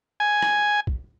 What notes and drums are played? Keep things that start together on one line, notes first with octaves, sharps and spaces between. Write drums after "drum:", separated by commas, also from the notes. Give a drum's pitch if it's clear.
G#5
drum: rim click
drum: kick